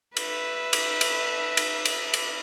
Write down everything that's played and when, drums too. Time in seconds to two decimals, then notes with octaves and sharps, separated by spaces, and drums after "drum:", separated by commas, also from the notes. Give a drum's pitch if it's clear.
0.17 B4 E5, drum: cymbal
0.73 drum: cymbal
1.01 drum: cymbal
1.57 drum: cymbal
1.85 drum: cymbal
2.14 drum: cymbal